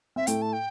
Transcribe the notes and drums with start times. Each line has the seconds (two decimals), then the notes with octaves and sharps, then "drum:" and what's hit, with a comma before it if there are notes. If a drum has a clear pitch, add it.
0.16 C4 E5
0.27 A2 A3 G5, drum: hi-hat
0.42 A5
0.53 G5